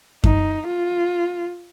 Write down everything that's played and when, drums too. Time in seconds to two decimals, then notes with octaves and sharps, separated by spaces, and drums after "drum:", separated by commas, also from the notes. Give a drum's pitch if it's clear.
0.24 D#4, drum: kick F#2
0.67 F4